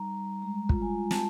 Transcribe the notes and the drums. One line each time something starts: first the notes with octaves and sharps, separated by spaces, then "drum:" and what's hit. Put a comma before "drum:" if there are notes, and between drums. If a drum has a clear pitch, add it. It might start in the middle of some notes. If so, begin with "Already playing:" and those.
Already playing: G3 D#4 A#5
G3
G#3 A#5
F4, drum: kick
G#5
G#3
A5, drum: snare